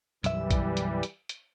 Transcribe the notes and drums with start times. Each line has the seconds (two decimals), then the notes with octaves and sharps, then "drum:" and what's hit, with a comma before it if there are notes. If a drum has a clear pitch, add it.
0.24 B1 F#2 E3 G3 E5, drum: hi-hat
0.51 drum: kick A#1, hi-hat
0.77 drum: hi-hat
1.03 drum: hi-hat
1.29 drum: hi-hat